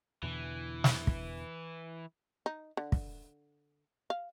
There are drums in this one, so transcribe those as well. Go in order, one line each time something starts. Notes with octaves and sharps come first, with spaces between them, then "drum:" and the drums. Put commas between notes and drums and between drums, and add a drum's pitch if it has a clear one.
E2 B2 D3 E3
drum: snare
drum: kick
D#4
D3
drum: kick
F5